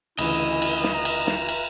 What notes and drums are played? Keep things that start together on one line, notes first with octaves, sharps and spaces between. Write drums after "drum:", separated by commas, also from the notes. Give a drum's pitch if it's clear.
D2 C#3 E3 E4 D#5, drum: cymbal
drum: cymbal
drum: snare
A#5
drum: cymbal
drum: snare
drum: cymbal